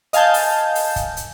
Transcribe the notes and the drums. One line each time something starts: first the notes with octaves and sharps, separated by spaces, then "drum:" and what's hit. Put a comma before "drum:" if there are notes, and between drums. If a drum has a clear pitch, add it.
D#5 F5 G#5 A5 G6, drum: hi-hat
drum: open hi-hat
drum: open hi-hat
drum: kick, hi-hat
drum: hi-hat